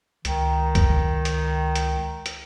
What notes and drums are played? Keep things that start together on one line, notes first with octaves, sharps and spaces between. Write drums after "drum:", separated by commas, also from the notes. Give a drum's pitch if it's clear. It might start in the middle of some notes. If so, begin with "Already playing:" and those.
C#2 D#3, drum: hi-hat
drum: kick, hi-hat
drum: hi-hat
drum: hi-hat
drum: hi-hat